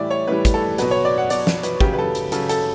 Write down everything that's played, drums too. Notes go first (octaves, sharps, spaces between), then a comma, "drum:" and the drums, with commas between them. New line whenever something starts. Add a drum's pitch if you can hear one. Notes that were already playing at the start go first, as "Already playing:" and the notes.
Already playing: A2 E3 G3 D5 E5
C#5
A2 E3 G3 B4
drum: kick, hi-hat
A4
B2 F#3 B4, drum: hi-hat
C#5
D5
F#5
B2 F#3 D5, drum: hi-hat
drum: snare
B4, drum: hi-hat
C#3 F#3 G4, drum: kick
B4
A4
drum: hi-hat
C#3 F#3 A4, drum: hi-hat
A4, drum: hi-hat